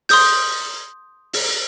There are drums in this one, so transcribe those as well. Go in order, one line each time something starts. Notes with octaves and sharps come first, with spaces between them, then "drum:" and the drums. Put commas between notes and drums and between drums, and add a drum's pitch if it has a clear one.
C6 D#6 G6, drum: open hi-hat
drum: open hi-hat